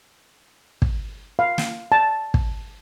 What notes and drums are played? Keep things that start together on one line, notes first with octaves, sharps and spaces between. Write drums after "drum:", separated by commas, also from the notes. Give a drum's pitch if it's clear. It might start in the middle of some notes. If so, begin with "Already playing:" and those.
drum: kick
F5
drum: snare
A5
drum: kick